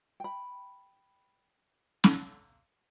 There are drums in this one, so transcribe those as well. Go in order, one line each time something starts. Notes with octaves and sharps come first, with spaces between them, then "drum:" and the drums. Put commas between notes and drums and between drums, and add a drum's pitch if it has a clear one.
G5 B5
drum: snare